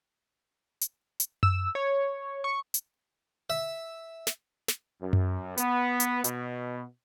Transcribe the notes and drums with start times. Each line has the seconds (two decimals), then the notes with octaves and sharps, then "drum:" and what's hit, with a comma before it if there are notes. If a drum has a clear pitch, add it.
0.81 drum: hi-hat
1.20 drum: hi-hat
1.43 E6, drum: tom F#2
1.75 C#5
2.44 C#6
2.74 drum: hi-hat
3.50 E5
4.27 drum: snare
4.68 drum: snare
5.02 F#2
5.13 drum: tom F#2
5.58 B3, drum: hi-hat
6.00 drum: hi-hat
6.24 B2, drum: hi-hat